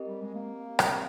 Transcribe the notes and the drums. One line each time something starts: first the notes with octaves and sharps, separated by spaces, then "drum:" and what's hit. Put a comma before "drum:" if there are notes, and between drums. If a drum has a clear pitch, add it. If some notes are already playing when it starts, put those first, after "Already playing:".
Already playing: C4 G4 A#4 D#5
G3
G#3
A#3
C4 G4 A#4 D#5, drum: rim click